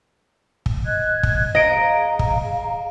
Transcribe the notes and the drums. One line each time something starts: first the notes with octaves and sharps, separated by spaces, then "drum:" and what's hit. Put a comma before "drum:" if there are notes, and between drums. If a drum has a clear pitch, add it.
drum: kick
D#5 F#6 G#6
drum: kick
G#4 D#5 F5 A#5 D7
drum: kick